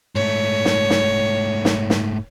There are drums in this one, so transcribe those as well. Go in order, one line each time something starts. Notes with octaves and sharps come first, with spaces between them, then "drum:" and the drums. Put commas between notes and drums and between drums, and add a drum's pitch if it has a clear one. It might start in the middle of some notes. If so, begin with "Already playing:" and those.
G#2 A3 C#5
drum: snare
drum: snare
drum: snare
drum: snare